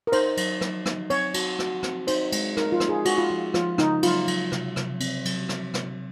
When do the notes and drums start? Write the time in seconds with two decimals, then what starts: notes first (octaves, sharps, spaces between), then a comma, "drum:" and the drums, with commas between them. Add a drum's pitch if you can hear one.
0.07 A#4
0.12 D#4 C5, drum: cymbal
0.37 F#3, drum: cymbal
0.61 F#3, drum: rim click
0.86 D#4, drum: rim click
1.10 C4 C#5, drum: cymbal
1.34 F#4, drum: cymbal
1.59 F#4, drum: rim click
1.83 C4, drum: rim click
2.07 D#4 C5, drum: cymbal
2.32 G#3, drum: cymbal
2.57 D#4 A#4, drum: rim click
2.72 F4
2.80 D#4, drum: rim click
2.89 G#4
3.05 G#3 F#4, drum: cymbal
3.18 F4
3.30 F3
3.54 F3 F4, drum: rim click
3.78 C#3 D#4, drum: rim click
4.03 F#3 F4, drum: cymbal
4.28 F#3, drum: cymbal
4.52 C3, drum: rim click
4.76 C3, drum: rim click
5.00 C4, drum: cymbal
5.25 F#3, drum: cymbal
5.49 C3, drum: rim click
5.74 C3, drum: rim click